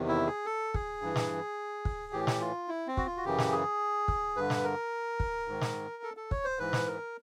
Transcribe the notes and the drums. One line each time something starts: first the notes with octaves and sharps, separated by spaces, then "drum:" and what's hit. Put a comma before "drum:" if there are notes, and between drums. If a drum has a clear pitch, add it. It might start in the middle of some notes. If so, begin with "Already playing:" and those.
Already playing: E2 C3 D#3
E4
G#4
A4
G#4, drum: kick
G2 E3
drum: snare
drum: kick
A2 E3 G4
drum: snare
F4
E4
C4
F#4, drum: kick
F4
F#4
F#2 C#3 E3 G4
drum: snare
G#4
drum: kick
G2 D3 B4
drum: snare
A#4
drum: kick
G#2 D#3
drum: snare
A4
A4
C#5, drum: kick
C5
G#2 E3 B4
drum: snare
A#4